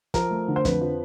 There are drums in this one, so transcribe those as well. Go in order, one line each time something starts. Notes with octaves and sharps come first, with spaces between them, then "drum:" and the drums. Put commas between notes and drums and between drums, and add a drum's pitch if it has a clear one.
F3 A#4, drum: kick, hi-hat
A3
D3
C5
F2 B4, drum: kick, hi-hat
F3